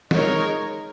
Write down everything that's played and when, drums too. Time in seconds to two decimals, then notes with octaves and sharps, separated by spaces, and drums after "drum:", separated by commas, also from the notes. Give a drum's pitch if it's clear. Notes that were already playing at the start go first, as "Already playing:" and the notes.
0.11 G#3 D#4 A#4 C#5, drum: snare